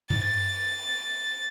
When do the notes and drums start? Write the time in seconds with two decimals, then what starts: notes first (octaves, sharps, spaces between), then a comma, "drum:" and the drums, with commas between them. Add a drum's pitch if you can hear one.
0.10 A6, drum: tom G2